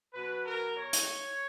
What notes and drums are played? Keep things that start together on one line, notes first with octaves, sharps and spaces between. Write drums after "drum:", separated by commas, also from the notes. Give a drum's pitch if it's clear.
B2 F#3 B4
A#4
C#5
drum: hi-hat